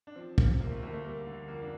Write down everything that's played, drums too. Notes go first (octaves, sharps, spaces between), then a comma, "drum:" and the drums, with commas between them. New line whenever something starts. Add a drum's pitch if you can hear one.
D4
F3 C4
C3, drum: kick
D2 A#3
A3
D2 A#3
A3
G3 A#3
D3
F2 A#3
D4